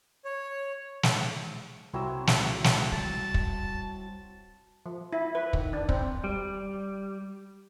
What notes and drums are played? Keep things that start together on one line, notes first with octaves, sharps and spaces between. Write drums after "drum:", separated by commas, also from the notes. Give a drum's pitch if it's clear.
C#5
drum: snare
C2 F#3 C4 E4 E6
drum: snare
drum: snare
G3 A5
drum: kick
F3
E4
B4
D#3, drum: kick
D4
C4, drum: kick
G3